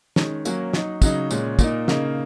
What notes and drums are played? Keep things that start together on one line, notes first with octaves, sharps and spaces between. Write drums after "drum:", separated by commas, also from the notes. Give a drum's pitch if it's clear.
D#3 G#3 C#4, drum: snare
F#3 A#3 C#4, drum: tambourine
F#3 D#4, drum: snare
C#3 F#3 D#4, drum: kick, tambourine
A#2 G#3 C#4, drum: tambourine
A#2 A#3 D#4, drum: kick, tambourine
C#3 A#3 D#4, drum: snare